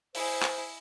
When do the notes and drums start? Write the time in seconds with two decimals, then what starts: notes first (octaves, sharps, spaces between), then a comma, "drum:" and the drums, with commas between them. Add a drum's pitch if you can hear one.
0.15 E4 G#4 C5, drum: open hi-hat
0.42 drum: clap